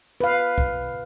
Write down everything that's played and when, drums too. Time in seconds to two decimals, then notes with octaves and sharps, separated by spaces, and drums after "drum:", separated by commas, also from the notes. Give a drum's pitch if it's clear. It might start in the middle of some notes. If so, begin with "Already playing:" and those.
0.20 B4 F5
0.58 drum: kick